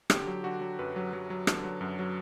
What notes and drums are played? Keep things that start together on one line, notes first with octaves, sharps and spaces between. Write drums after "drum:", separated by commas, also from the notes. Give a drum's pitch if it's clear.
D3 G4, drum: rim click
F#3
D3 F#4
F#3
F#2 B4
F#3
F#3
F#3
D3, drum: rim click
F#3
F#2
F#3